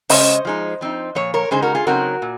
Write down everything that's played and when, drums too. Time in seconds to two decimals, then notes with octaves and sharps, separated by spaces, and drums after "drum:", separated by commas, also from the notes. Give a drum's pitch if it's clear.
0.09 C#3 G#3 C#4 C5 D#5, drum: open hi-hat
0.45 F3 G#3 D#4
0.81 F3 C4 D#4
1.15 A#2 F3 C#5
1.34 A#4 C#5
1.51 C#3 G#3 D#4 G#4 C5
1.62 F#4 A#4
1.75 F4 G#4
1.87 C#3 F#3 C4 D#4 F#4 A#4
2.22 A#2